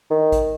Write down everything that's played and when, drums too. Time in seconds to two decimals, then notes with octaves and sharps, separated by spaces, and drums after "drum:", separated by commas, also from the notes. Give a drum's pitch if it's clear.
0.11 D#3
0.32 drum: kick A1, hi-hat